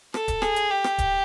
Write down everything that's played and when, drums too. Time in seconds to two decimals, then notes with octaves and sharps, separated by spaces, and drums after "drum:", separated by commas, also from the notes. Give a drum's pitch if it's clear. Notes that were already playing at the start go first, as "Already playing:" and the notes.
0.14 A4, drum: rim click
0.28 drum: kick D1, hi-hat
0.42 G#4, drum: rim click
0.56 drum: hi-hat
0.71 G4
0.84 drum: rim click
0.98 drum: kick D1, hi-hat